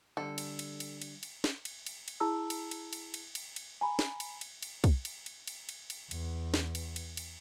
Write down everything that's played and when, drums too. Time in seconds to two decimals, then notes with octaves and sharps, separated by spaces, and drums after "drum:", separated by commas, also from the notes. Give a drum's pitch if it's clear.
0.17 D3 G3 A4
0.38 drum: cymbal
0.59 drum: cymbal
0.80 drum: cymbal
1.02 drum: cymbal
1.23 drum: cymbal
1.44 drum: snare
1.65 drum: cymbal
1.86 drum: cymbal
2.08 drum: cymbal
2.20 E4 G#4 A5 A#5 E6
2.50 drum: cymbal
2.71 drum: cymbal
2.93 drum: cymbal
3.14 drum: cymbal
3.35 drum: cymbal
3.56 drum: cymbal
3.81 G#5 A#5 B5
3.99 drum: snare
4.20 drum: cymbal
4.41 drum: cymbal
4.63 drum: cymbal
4.84 drum: kick, cymbal
5.05 drum: cymbal
5.26 drum: cymbal
5.47 drum: cymbal
5.69 drum: cymbal
5.90 drum: cymbal
6.11 E2, drum: cymbal
6.54 drum: snare
6.75 drum: cymbal
6.96 drum: cymbal
7.17 drum: cymbal